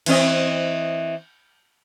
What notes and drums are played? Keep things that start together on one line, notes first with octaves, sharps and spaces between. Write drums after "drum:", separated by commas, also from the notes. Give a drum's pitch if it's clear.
E3 C4 D#5, drum: cymbal